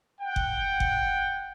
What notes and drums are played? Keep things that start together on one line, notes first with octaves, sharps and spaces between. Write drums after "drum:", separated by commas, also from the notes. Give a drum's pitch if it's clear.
F#5 G5
drum: kick F#1
drum: kick F#1